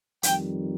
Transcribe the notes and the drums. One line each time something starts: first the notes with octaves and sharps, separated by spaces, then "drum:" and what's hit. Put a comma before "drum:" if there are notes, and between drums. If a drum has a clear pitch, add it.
F2 D#3 G3 G5, drum: hi-hat